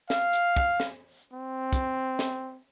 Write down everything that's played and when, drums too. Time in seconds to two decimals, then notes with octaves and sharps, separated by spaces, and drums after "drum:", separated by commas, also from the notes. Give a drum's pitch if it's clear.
0.10 F5, drum: snare
0.33 drum: hi-hat
0.57 drum: kick
0.80 drum: snare
1.33 C4
1.73 drum: kick, hi-hat
2.19 drum: snare